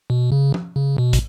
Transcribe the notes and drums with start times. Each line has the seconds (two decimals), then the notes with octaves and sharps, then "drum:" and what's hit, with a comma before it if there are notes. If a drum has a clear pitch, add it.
0.10 B2
0.32 C#3
0.54 drum: tom F3
0.76 C#3
0.98 B2
1.13 drum: kick, hi-hat